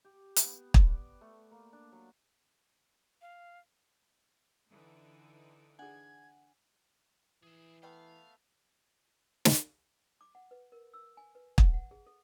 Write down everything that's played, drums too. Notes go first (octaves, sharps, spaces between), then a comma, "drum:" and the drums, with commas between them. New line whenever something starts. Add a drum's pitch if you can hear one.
G4
B3, drum: hi-hat
D5, drum: kick
A3
A#3
D4
F#3
F5
D3 E3 D#4
D4 G#4 F#5 G#5 G#6
E3 G#4 E5
A3 B3 F5 G5
drum: snare
D6
F#5
B4
A#4
E6
G#5
B4
F#5, drum: kick
F#5
G#4
A4